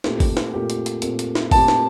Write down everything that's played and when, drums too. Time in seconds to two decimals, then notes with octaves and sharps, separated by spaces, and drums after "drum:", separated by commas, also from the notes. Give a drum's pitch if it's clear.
0.04 A#2 A3 C4 G4, drum: snare
0.20 drum: kick, open hi-hat
0.37 drum: snare
0.54 A#2 A3 C4 G4
0.70 drum: hi-hat
0.86 drum: hi-hat
1.02 A#2 A3 C4 G4, drum: hi-hat
1.19 drum: hi-hat
1.35 drum: snare
1.51 A#2 A3 C4 G4 A5, drum: kick, open hi-hat
1.68 drum: snare